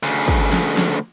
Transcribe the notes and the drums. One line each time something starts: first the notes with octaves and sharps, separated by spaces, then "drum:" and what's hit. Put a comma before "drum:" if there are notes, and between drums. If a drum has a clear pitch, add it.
D2 C#3
drum: kick
drum: snare
drum: snare